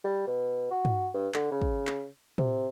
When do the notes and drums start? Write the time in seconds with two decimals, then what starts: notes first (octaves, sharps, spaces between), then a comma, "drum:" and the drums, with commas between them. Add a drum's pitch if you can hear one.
0.04 G3
0.27 B2
0.71 F#4
0.85 drum: tom
1.14 G2
1.34 D3, drum: clap
1.51 C#3
1.61 drum: kick
1.87 drum: clap
2.38 C3, drum: tom